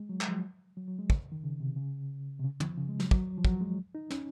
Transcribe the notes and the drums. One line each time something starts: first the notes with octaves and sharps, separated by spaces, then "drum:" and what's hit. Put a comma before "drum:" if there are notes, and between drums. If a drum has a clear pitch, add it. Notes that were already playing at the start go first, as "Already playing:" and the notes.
Already playing: G#3
F#3
G#3, drum: clap
F3
F#3
F#3
F#3
G#3
C#3, drum: kick
D#3
C#3
C3
C#3
C3
C#3
F3, drum: tom
C#3
G#3
F#3, drum: snare
F#3, drum: kick
F3
F#3, drum: kick
G#3
D#4
C#4, drum: snare